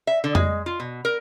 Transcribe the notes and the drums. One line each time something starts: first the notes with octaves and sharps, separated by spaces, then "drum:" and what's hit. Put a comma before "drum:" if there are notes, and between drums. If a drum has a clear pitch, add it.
E5
D3
G#3, drum: tom F2
F4
B2
A#4